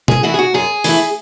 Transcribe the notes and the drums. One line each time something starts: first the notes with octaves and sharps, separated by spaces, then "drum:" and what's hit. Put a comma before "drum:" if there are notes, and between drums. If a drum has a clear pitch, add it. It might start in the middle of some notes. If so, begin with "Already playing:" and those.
G#4, drum: tom
E3 A3 E4 F#4
G#4
F#4
F#2 G#4
E3 A3 E4, drum: open hi-hat